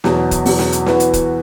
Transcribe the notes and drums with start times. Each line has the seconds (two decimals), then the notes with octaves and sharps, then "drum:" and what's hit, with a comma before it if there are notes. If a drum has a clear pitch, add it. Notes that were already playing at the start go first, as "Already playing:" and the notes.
0.04 E2 B2 F#3, drum: snare
0.31 drum: kick, hi-hat
0.46 E2 B2 F#3, drum: open hi-hat
0.59 drum: snare
0.72 drum: hi-hat
0.86 E3 B3 F#4, drum: snare
1.00 drum: hi-hat
1.14 drum: kick, hi-hat